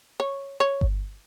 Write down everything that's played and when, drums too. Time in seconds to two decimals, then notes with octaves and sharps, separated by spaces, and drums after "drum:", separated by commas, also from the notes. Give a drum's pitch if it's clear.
0.20 C#5
0.60 C#5
0.81 drum: kick G1